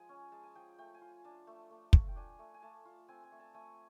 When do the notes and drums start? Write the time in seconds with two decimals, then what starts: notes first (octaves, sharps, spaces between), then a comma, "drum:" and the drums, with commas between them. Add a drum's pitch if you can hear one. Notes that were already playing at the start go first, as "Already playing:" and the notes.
Already playing: F3 G#3 G#5
0.09 C#4
0.32 G#3 A5
0.43 G#5
0.55 F3 G5
0.78 A3 G5
0.94 G#5
1.01 F4
1.09 G#5
1.24 D4 A5
1.47 A3
1.71 A3
1.93 F4, drum: kick
2.08 G5
2.16 D4 G#5
2.39 A3
2.54 G#5
2.62 A3 A5
2.85 F4
3.08 C4 G#5
3.23 G#5
3.32 A3
3.39 A5
3.54 A3 G#5